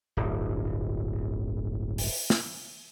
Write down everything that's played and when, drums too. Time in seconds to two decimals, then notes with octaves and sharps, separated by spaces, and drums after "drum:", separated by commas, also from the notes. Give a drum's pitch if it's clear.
0.17 D1 G1
1.98 drum: open hi-hat
2.30 drum: snare